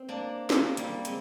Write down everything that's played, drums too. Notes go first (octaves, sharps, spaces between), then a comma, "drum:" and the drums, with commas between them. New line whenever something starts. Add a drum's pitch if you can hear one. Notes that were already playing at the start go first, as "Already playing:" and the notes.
Already playing: C4
A#3 D4
A#3 D4, drum: snare
G3 A#3, drum: hi-hat
G#3 C4, drum: hi-hat